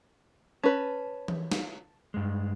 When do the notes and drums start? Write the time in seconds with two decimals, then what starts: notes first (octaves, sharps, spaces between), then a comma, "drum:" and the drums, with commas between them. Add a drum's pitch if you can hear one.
0.64 C#4 B4 A5
1.28 drum: tom E3
1.52 drum: snare
2.14 G2 G#3